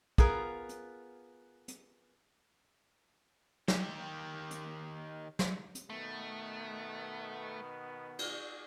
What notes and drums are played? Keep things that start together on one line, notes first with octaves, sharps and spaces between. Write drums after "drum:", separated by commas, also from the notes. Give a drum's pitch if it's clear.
B3 F4 G#4 A#4, drum: kick
drum: hi-hat
drum: hi-hat
D#3 G4, drum: snare
drum: hi-hat
drum: snare
drum: hi-hat
B2 D#3 A3 B3
drum: cymbal